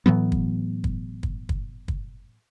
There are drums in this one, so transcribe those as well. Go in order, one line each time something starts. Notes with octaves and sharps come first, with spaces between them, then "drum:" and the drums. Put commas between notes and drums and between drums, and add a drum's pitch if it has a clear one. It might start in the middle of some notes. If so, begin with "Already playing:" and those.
A2 E3 F#3 B3
drum: kick
drum: kick
drum: kick
drum: kick
drum: kick